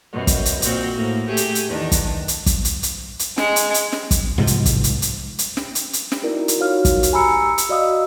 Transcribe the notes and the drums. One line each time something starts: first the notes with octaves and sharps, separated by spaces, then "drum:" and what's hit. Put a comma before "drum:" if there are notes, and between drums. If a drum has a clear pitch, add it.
F#2 B2 F#3
drum: kick, hi-hat
drum: hi-hat
A#2 C4 F#4, drum: hi-hat
A2 A#3
A3 G4 G#4
drum: hi-hat
drum: hi-hat
E2 D#3 D4
drum: kick, hi-hat
drum: hi-hat
drum: kick, hi-hat
drum: hi-hat
drum: hi-hat
drum: hi-hat
G#3, drum: snare
drum: hi-hat
drum: hi-hat
drum: snare
drum: kick, hi-hat
C2 G#2 B2 F3
drum: hi-hat
drum: kick, hi-hat
drum: hi-hat
drum: hi-hat
drum: hi-hat
drum: snare
drum: hi-hat
drum: hi-hat
drum: snare
D#4 E4 F#4 A#4 D5
drum: hi-hat
D#4 F4 F#4 C#5 F5 F6
drum: kick, hi-hat
drum: hi-hat
G4 G#5 A#5 B5 E6 C#7
drum: hi-hat
F#4 D5 D#5 F5 D#6 E6